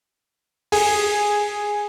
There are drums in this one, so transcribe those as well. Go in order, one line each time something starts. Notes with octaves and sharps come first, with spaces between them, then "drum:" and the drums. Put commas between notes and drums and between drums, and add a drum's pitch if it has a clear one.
G#4, drum: open hi-hat